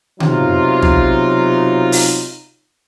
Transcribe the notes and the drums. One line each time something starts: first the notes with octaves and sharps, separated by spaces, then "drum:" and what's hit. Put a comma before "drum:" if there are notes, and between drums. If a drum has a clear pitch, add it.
B1 C3 F#3 D#4 F4, drum: tom C#3
drum: tom
drum: open hi-hat